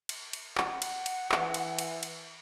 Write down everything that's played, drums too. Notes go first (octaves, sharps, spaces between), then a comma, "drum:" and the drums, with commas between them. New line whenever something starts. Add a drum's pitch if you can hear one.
drum: cymbal
drum: cymbal
F#5, drum: clap
drum: cymbal
drum: cymbal
E3, drum: clap
drum: cymbal
drum: cymbal
drum: cymbal